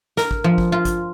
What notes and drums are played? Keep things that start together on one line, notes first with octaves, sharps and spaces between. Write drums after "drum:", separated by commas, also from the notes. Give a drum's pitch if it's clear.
A#4, drum: snare
drum: kick
F3
drum: kick
F4
drum: kick, hi-hat